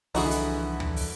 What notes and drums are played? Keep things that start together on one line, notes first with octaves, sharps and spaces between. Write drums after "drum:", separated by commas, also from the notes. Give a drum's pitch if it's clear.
C2 D3 E3 F3 B3 D#4 F#4 G#4, drum: open hi-hat
drum: hi-hat
drum: tom D2
drum: open hi-hat